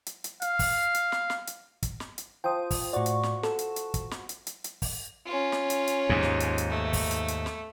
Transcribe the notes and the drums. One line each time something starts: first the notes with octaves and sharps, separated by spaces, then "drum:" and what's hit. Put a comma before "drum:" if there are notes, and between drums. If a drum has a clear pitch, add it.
drum: hi-hat
drum: hi-hat
F5, drum: hi-hat
drum: kick, open hi-hat
drum: hi-hat
drum: snare
drum: snare
drum: hi-hat
drum: kick, hi-hat
drum: snare
drum: hi-hat
F3 G5 D#6
drum: kick, open hi-hat
A2 F#4 D5 C#6
drum: hi-hat
drum: snare
A4, drum: snare
drum: hi-hat
drum: hi-hat
drum: kick, hi-hat
drum: snare
drum: hi-hat
drum: hi-hat
drum: hi-hat
drum: kick, open hi-hat
C#4 F4
drum: snare
drum: hi-hat
drum: hi-hat
D#2 G#2
drum: snare
drum: hi-hat
drum: hi-hat
A3
drum: kick, open hi-hat
drum: hi-hat
drum: hi-hat
drum: snare